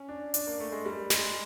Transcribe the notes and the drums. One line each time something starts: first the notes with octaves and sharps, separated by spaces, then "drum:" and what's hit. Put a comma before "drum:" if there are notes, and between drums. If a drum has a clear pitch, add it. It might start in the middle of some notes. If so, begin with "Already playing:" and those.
Already playing: C#4
D4
D4, drum: hi-hat
A#3
A3
G#3
G3
G#3, drum: snare